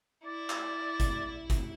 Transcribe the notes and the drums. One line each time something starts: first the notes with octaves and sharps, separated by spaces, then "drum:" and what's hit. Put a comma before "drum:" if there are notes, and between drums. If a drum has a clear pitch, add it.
E4 D5
drum: clap
drum: kick, hi-hat
drum: kick, hi-hat